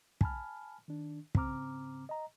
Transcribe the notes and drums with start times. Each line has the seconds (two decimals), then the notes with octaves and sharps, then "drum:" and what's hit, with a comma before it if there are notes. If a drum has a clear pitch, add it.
0.21 G#5 A5 B5 F6, drum: kick
0.88 D#3 D4
1.35 G#2 C#3 C4 A#5 D6 F6, drum: kick
2.09 D#5 A#5